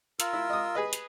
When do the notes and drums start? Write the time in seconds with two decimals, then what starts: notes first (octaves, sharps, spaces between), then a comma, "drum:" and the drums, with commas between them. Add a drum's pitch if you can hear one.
0.20 F4 A#4 E6, drum: hi-hat
0.33 E4
0.50 D#5 D#6
0.75 G#4 B4 D#5
0.93 drum: hi-hat